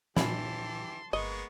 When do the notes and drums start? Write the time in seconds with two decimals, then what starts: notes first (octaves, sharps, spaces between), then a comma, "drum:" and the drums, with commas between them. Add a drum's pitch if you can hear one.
0.17 A#2 E3 C#4 E4 G4 A5 C6, drum: snare
1.13 G1 G#3 A#3 B3 D#5 C#6